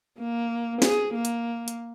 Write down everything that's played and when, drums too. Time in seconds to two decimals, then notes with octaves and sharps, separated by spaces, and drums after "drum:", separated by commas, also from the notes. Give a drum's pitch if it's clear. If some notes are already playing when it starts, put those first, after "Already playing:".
0.20 A#3
0.82 G#4, drum: snare
1.14 A#3
1.25 drum: hi-hat
1.68 drum: hi-hat